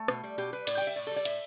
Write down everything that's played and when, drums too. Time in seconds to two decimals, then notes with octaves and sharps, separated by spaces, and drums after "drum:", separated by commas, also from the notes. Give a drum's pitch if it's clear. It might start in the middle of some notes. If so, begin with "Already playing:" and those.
Already playing: A3
0.08 B2, drum: rim click
0.23 G3
0.38 B2 G4
0.53 G3 B4
0.67 A2 D5, drum: cymbal
0.77 G3 G5
0.87 E5
0.96 A2 D5
1.07 G3 A4
1.16 D5
1.25 A2 E5, drum: cymbal